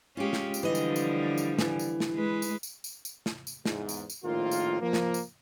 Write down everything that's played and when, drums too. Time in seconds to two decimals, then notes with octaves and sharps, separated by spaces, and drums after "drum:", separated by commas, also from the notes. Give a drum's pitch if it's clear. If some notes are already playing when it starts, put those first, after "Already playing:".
0.17 G#3 C#4 F4 G4
0.33 drum: snare
0.54 drum: tambourine
0.63 D3 E3 F3 G3 D#5
0.75 drum: tambourine
0.96 drum: tambourine
1.38 drum: tambourine
1.59 E3, drum: snare
1.79 drum: tambourine
2.00 drum: snare
2.14 G#3 B4
2.42 drum: tambourine
2.63 drum: tambourine
2.84 drum: tambourine
3.05 drum: tambourine
3.26 drum: snare
3.47 drum: tambourine
3.65 E2 G#2, drum: snare
3.89 drum: tambourine
4.10 drum: tambourine
4.24 A#1 A2 D#3 A#3 C4 F4
4.51 drum: tambourine
4.81 F3 A#3
4.93 drum: snare
5.14 drum: tambourine